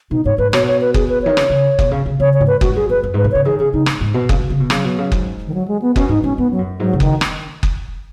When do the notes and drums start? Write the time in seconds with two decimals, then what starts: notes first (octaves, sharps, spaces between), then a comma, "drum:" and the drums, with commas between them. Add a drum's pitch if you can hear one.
0.11 B2 D#4
0.25 G#2 C#5
0.38 G#2 B4
0.53 B2 C#5, drum: rim click
0.67 C#5
0.81 B4
0.94 G#4, drum: kick F#1
1.09 B4
1.22 D#3 C#5
1.37 C#3, drum: rim click
1.50 C#3
1.79 B2, drum: kick F#1
1.91 C#3
2.06 C#3
2.20 C#3 C#5
2.34 C#5
2.40 G#2
2.47 B4
2.61 G#2 F#4, drum: kick F#1
2.76 F#2 G#4
2.89 F#2 B4
3.03 F#2
3.14 G#2 B4
3.24 B2
3.32 C#3 C#5
3.45 D#3 G#4
3.59 C#3 G#4
3.74 C#3 D#4
3.86 G#2, drum: rim click
4.01 G#2
4.14 B2
4.29 C#3, drum: kick F#1
4.39 C#3
4.50 C#3
4.60 B2
4.70 C#3 F#3, drum: rim click
4.85 B2
4.98 C#3
5.12 G#2, drum: kick F#1
5.47 D#3
5.54 F#3
5.68 G#3
5.82 B3
5.96 B2 C#4, drum: kick F#1
6.09 G#2 D#4
6.23 G#2 C#4
6.38 G#2 B3
6.51 F#3
6.59 F#2
6.80 G#2 F#3
6.93 C#3
7.00 D#3, drum: kick F#1
7.21 drum: rim click
7.63 drum: kick F#1